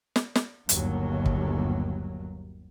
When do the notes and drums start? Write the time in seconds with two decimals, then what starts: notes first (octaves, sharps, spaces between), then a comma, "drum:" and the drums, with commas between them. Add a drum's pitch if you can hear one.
0.16 drum: snare
0.35 drum: snare
0.69 G1 D#2 F#3, drum: hi-hat
1.26 drum: kick